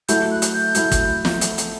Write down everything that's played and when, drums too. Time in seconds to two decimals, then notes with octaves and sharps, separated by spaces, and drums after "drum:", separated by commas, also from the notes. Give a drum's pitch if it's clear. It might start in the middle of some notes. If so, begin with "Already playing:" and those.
0.08 F#3 A3 E4 G6, drum: hi-hat
0.31 F#6
0.42 drum: hi-hat
0.53 G6
0.75 F#3 A3 E4, drum: hi-hat
0.92 drum: kick, hi-hat
1.25 drum: snare
1.41 drum: hi-hat
1.58 drum: hi-hat